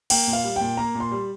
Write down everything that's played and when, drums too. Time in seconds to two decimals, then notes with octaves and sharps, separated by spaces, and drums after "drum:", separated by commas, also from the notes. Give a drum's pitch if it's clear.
0.10 A#3 G5, drum: cymbal
0.27 A#2
0.33 F5
0.44 G3
0.56 A#2 G5
0.77 A#3 A#5
0.95 A#2
1.00 C6
1.11 G3